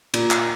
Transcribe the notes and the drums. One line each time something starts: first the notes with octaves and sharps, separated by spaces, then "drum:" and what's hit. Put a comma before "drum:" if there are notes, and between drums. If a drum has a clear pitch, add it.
A#2, drum: cymbal
drum: clap